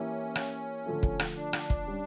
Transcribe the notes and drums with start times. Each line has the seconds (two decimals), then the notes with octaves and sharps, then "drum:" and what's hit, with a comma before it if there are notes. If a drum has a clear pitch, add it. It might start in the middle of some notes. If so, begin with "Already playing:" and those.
Already playing: E3 A#3 C#4 E4 G4
0.36 drum: rim click
0.86 D3 F3 A3
1.03 drum: kick
1.19 drum: rim click
1.36 D4
1.53 drum: rim click
1.70 drum: kick
1.87 G3 C#4 G4